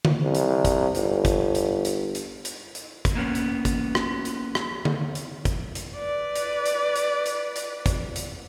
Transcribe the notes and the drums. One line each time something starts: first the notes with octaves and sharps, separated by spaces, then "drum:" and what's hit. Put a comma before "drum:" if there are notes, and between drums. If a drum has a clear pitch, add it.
drum: tom D3
C2
drum: hi-hat
drum: kick, hi-hat
G1, drum: hi-hat
drum: kick, hi-hat
drum: hi-hat
drum: hi-hat
drum: hi-hat
drum: hi-hat
drum: hi-hat
drum: kick, hi-hat
A#3 B3 C#4
drum: hi-hat
drum: kick, hi-hat
drum: rim click
drum: hi-hat
drum: rim click
drum: tom D3
drum: hi-hat
drum: kick, hi-hat
drum: hi-hat
B4 D5
drum: hi-hat
drum: hi-hat
drum: hi-hat
drum: hi-hat
drum: hi-hat
drum: kick, hi-hat
drum: hi-hat